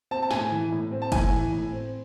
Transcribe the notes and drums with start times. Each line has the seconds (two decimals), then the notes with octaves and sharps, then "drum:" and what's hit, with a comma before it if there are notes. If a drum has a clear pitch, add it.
0.11 C4 A5
0.22 A5
0.31 A2 G#5, drum: snare
0.51 E3
0.72 A2
0.92 C4
1.02 A5
1.12 A2 G#5, drum: kick F#1, cymbal
1.32 E3
1.52 A2
1.72 C4